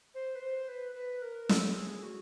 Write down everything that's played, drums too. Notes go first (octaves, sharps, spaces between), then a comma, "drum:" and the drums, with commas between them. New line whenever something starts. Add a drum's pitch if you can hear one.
C5
B4
C5
B4
B4
A#4
A4, drum: snare
G#4
F#4